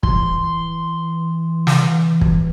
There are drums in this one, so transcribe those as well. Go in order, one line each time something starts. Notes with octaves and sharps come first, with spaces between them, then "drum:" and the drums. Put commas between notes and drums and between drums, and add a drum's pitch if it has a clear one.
E3 C6, drum: kick
drum: snare
drum: kick